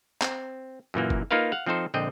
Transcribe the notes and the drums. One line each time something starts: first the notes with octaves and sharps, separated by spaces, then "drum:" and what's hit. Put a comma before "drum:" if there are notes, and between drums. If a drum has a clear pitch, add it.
C4, drum: clap
F#2 A#2 E3 A#3
drum: kick F#1
A#3 D#4 F4 A#4 B4 F5
F5 F#5
F3 C4 D#4 A4 C5
A#1 D3 C4 D#5 G5